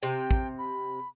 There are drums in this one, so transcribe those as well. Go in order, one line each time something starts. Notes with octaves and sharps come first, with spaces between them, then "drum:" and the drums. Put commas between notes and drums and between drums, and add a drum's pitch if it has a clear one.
C3 G5
drum: kick
B5